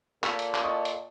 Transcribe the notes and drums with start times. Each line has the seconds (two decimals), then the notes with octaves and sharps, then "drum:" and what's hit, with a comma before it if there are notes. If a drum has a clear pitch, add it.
0.24 A#2 A4 E6 B6 F7, drum: clap
0.39 drum: hi-hat
0.54 drum: clap
0.63 D#5 A5 C#6 D#6
0.85 drum: hi-hat